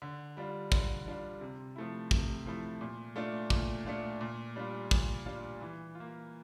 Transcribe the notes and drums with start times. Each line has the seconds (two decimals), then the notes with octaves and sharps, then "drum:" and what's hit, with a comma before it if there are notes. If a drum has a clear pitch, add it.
0.02 D3
0.37 G3 D4 F4
0.72 D3, drum: kick
1.06 G3 D4 F4
1.41 C3
1.76 F3 A3 E4
2.11 C3, drum: kick
2.46 F3 A3 E4
2.81 A#2
3.16 A3 D4 F4
3.50 A#2, drum: kick
3.86 A3 D4 F4
4.21 A#2
4.56 G3 D4 F4
4.91 A#2, drum: kick
5.26 G3 D4 F4
5.61 E3
5.95 F4
6.00 A#3